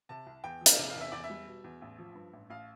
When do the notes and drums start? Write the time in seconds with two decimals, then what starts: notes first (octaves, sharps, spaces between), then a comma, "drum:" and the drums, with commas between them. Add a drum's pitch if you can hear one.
0.09 C3 A5
0.26 C2
0.44 E2 G5
0.61 F3
0.66 F5, drum: hi-hat
0.78 C3
0.90 F5
0.96 E2 E5
1.12 E2 D5
1.24 E5
1.30 G3
1.47 B2
1.64 E2
1.82 A1
1.98 F3
2.15 G2
2.33 A1
2.50 A1 F5